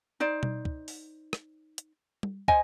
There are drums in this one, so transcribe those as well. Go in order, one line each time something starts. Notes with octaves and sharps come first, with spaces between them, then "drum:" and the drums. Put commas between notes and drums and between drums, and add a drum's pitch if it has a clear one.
D#4 C5 D5
drum: tom B2
drum: kick
drum: open hi-hat
drum: rim click
drum: hi-hat
drum: tom G3
C5 D#5 G#5, drum: kick